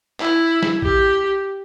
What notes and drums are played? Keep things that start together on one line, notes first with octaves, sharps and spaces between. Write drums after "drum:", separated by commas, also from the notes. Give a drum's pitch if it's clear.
E4, drum: clap
drum: snare
G4, drum: kick A#1